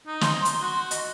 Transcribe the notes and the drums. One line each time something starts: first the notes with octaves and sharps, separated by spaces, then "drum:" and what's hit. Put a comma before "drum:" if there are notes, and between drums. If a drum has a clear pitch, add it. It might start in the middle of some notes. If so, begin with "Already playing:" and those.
D#4
C6, drum: snare
drum: hi-hat
F#4 C6
D#5, drum: hi-hat